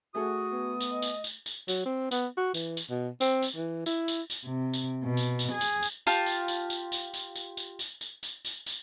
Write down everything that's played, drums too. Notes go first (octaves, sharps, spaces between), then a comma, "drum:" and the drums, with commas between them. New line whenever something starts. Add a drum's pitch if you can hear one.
A3 F#4 G#4 A4 D#6
B3
drum: tambourine
D#5
drum: tambourine
drum: tambourine
drum: tambourine
F#3, drum: tambourine
C4
B3, drum: tambourine
F#4
E3, drum: tambourine
drum: tambourine
B2
C4, drum: tambourine
drum: tambourine
E3
E4, drum: tambourine
drum: tambourine
drum: tambourine
C3
drum: tambourine
B2
drum: tambourine
drum: tambourine
G#4
drum: tambourine
drum: tambourine
F4 G4 A5, drum: tambourine
drum: tambourine
drum: tambourine
drum: tambourine
drum: tambourine
drum: tambourine
drum: tambourine
drum: tambourine
drum: tambourine
drum: tambourine
drum: tambourine
drum: tambourine
drum: tambourine